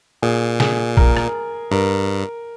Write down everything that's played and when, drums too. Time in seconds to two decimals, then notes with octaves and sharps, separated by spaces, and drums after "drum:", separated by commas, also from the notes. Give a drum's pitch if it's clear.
0.22 A#2 G#4
0.60 G#4, drum: snare
0.97 A#4, drum: kick A#1
1.17 drum: rim click
1.71 G2 A#4